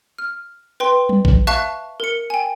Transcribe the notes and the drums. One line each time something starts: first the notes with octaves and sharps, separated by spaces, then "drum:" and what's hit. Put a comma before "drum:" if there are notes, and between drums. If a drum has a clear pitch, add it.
F6
B4 G5 C6
drum: tom F#3
drum: kick A#1
E5 F5 A5 C#6 F#6, drum: hi-hat
A#4 C#7
G5 G#5